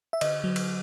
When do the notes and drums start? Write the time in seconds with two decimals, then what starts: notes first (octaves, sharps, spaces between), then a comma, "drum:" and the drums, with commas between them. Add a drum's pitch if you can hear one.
0.13 E5
0.21 D3 D#5, drum: cymbal
0.44 F#3
0.56 drum: cymbal